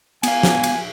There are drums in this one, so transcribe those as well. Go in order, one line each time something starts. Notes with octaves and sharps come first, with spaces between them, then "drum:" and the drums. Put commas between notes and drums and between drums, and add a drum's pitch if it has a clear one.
B3 F5 G#5, drum: cymbal
drum: snare
drum: cymbal